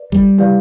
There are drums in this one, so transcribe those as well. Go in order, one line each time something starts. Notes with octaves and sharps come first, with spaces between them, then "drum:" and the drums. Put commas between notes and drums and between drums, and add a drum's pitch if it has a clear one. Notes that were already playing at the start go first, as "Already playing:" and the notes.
Already playing: B4 D5
G3, drum: kick
E4 G4 B4 D5 F5, drum: tom